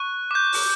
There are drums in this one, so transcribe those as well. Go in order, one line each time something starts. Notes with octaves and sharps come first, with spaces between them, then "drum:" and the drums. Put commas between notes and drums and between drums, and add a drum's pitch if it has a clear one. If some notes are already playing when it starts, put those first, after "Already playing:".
Already playing: C#6 F#6
D6 G6
drum: open hi-hat